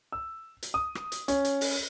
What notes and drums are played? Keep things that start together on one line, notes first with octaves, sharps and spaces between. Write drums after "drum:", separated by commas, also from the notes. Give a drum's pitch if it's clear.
E6
drum: hi-hat
D#6
drum: rim click
drum: hi-hat
C#4, drum: hi-hat
drum: hi-hat
drum: open hi-hat